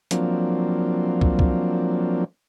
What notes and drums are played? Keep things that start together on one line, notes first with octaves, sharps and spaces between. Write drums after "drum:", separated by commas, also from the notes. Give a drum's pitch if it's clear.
F3 F#3 A#3 C4 D4, drum: hi-hat
drum: kick
drum: kick